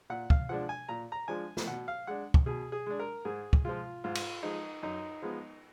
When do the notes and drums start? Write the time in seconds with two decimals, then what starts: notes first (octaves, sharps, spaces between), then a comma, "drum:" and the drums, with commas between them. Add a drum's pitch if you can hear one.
0.10 A#2 F#5
0.30 F5, drum: kick
0.49 F3 G#3 D4 F#5
0.69 G#5
0.89 A#2 A#5
1.12 A#5
1.28 F3 G#3 D4 G#5
1.57 drum: snare
1.67 B2 F#5
1.88 F5
2.07 G#3 D4 F#5
2.34 drum: kick
2.46 B2 G#4
2.72 G#4
2.87 G#3 D4
3.00 A#4
3.25 G#2 G#4
3.53 drum: kick
3.65 F3 G#3 F4
4.04 G#2 F4
4.15 drum: cymbal
4.43 F3 G#3 D#4
4.83 F#2 D#4
5.22 F3 G#3 B3